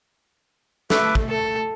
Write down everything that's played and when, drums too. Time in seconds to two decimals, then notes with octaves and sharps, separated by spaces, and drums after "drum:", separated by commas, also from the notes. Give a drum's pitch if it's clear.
0.90 A3 B4 E5 D6, drum: snare
1.15 drum: kick
1.30 A4 A5